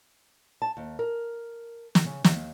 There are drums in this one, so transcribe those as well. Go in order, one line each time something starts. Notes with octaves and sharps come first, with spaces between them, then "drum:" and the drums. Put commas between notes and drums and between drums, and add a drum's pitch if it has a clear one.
A5
D#2
A#4
drum: snare
C#3
D#2, drum: snare